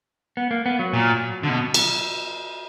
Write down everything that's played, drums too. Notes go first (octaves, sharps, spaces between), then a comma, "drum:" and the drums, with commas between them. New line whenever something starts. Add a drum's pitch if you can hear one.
B3
A#3
B3
F#3
A#2
D3
B2
drum: cymbal